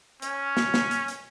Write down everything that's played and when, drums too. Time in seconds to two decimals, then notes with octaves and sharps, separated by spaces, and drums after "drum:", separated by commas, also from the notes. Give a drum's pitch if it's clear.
0.22 C#4, drum: hi-hat
0.57 drum: snare
0.74 drum: snare
0.91 drum: hi-hat
1.08 drum: hi-hat